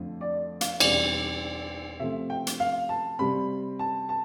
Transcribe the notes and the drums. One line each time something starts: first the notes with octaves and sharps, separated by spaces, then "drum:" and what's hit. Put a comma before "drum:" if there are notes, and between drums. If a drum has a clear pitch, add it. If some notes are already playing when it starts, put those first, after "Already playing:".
Already playing: F2 D3 F3 A3
D5
F5, drum: hi-hat
E2 B2 G3 C4 D5, drum: cymbal
C3 F3 A3 C4 E5
G5
drum: hi-hat
F5
A5
C3 G3 C4 B5
A5
A5